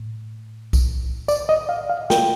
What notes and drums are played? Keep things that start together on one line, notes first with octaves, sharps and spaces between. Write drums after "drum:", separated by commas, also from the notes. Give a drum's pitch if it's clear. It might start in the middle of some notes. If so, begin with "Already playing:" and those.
Already playing: A2
drum: kick B1, tambourine
D5, drum: tambourine
D#5
F5
F5
G5, drum: snare